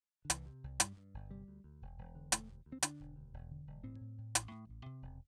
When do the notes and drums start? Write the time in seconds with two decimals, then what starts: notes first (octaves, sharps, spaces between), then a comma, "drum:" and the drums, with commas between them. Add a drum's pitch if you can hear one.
0.25 D3
0.30 C2 E3, drum: hi-hat
0.46 C3
0.64 C2
0.80 G2 G3, drum: hi-hat
0.97 G2
1.14 G1
1.30 C3 G3
1.48 D2
1.64 D2
1.82 E1
1.98 E1
2.15 D3
2.32 E1 A3, drum: hi-hat
2.49 D2
2.66 D2
2.72 C4
2.83 D3 D4, drum: hi-hat
3.00 E1
3.16 D2
3.34 E1
3.51 D3
3.67 E1
3.84 A2 C4
4.01 A2
4.18 A2
4.35 A1, drum: hi-hat
4.51 A2
4.69 A1
4.86 C3
5.02 E1